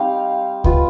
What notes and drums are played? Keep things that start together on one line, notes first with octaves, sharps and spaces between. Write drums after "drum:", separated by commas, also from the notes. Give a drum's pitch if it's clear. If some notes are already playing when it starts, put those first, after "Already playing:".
Already playing: G3 C4 D#4 F5
B3 F4, drum: kick C#2